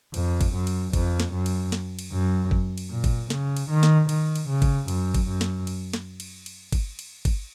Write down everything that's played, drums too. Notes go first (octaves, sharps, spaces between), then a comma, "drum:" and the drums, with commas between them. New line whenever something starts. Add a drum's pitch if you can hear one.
F2, drum: cymbal
drum: kick G1, cymbal
F#2
drum: cymbal
F2, drum: kick G1, cymbal
drum: snare
F#2
drum: cymbal
drum: snare
drum: cymbal
F#2
drum: kick G1
drum: cymbal
A#2
drum: kick G1, cymbal
C#3, drum: snare
drum: cymbal
D#3
drum: snare
D#3, drum: cymbal
drum: cymbal
C#3
drum: kick G1, cymbal
F#2, drum: cymbal
drum: kick G1, cymbal
F#2
drum: snare
drum: cymbal
drum: snare
drum: cymbal
drum: cymbal
drum: kick G1, cymbal
drum: cymbal
drum: kick G1, cymbal